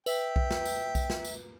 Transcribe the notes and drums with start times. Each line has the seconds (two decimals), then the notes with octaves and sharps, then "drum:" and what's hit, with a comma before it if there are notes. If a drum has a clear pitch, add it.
0.06 B4 E5 G5, drum: tambourine
0.36 drum: kick B1
0.51 drum: snare
0.65 drum: tambourine
0.95 drum: kick B1, tambourine
1.10 drum: snare
1.24 drum: tambourine